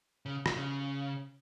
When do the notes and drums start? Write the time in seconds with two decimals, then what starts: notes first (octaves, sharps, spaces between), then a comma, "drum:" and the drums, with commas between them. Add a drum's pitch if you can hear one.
0.26 C#3
0.46 drum: rim click
0.56 C#3